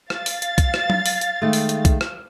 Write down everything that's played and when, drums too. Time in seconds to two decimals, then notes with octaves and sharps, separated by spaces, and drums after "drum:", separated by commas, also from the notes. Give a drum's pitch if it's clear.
0.10 F5 A6, drum: rim click
0.26 drum: open hi-hat
0.42 drum: hi-hat
0.58 drum: kick B1, hi-hat
0.74 drum: rim click
0.90 drum: tom F#3
1.06 drum: open hi-hat
1.21 drum: hi-hat
1.42 D#3 G#3 A3
1.53 drum: open hi-hat
1.69 drum: hi-hat
1.85 drum: kick B1, hi-hat
2.01 drum: rim click